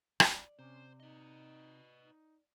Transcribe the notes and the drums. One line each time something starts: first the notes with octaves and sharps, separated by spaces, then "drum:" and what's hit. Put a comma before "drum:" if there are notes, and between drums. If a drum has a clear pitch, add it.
D5, drum: rim click
C3 C#4 C5
D#4 B4 D#5
D#4